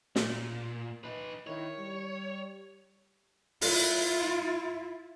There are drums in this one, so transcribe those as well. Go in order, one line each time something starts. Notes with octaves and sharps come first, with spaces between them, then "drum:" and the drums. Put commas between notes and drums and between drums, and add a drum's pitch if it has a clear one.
A#2, drum: snare
D#4 B4
D#3 E4 C#5
G3
E4 F4, drum: open hi-hat